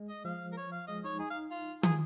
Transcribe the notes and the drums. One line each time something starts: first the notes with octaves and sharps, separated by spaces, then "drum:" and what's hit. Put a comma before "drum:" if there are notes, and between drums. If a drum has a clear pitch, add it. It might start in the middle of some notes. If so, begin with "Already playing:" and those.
Already playing: G#3
D#5
F3 F5
A#4
C#5
F5
G#3 D#5
D#4 C#5
D#4 G#4
F5
F4
F4 G#4, drum: tom